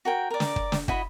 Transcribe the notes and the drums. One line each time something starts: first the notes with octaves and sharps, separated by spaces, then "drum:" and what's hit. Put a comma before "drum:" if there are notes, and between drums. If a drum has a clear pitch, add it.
F#4 A#4 G5
A#4 D5
drum: snare
drum: kick
drum: snare
E4 F#4 D#5 B5, drum: kick